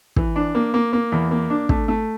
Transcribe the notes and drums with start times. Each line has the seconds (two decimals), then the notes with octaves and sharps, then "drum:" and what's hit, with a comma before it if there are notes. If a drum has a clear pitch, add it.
0.16 E3, drum: kick
0.36 D4
0.55 A#3
0.74 A#3
0.93 A#3
1.12 E2
1.31 A#3
1.50 D4
1.69 A3, drum: kick
1.88 A3